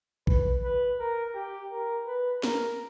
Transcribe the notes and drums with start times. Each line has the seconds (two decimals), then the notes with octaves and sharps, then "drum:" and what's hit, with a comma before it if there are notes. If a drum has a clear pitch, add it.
0.27 B4, drum: kick A#1
0.64 B4
0.99 A#4
1.35 G4
1.71 A#4
2.07 B4
2.43 A#4, drum: snare